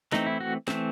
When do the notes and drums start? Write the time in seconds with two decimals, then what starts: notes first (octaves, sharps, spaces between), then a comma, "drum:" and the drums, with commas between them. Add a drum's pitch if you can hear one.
0.12 E3 A3 C4 D#4, drum: snare
0.26 E4
0.40 F#4
0.68 E3 A3 C4, drum: snare